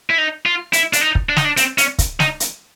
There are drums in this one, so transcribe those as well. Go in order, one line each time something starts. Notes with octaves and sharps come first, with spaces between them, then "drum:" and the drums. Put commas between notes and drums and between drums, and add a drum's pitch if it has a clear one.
E4
D#4
F4
E4, drum: hi-hat
D4, drum: hi-hat
D#4
drum: kick
D4
D#4, drum: snare
D4
C4, drum: hi-hat
C#4, drum: hi-hat
drum: kick, hi-hat
D#4, drum: snare
drum: hi-hat